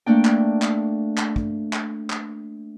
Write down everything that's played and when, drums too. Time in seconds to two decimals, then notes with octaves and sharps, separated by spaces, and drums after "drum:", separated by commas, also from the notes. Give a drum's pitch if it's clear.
0.06 A3 A#3 D4 G5
0.25 drum: clap
0.62 drum: clap
1.18 drum: clap
1.36 drum: kick
1.73 drum: clap
2.10 drum: clap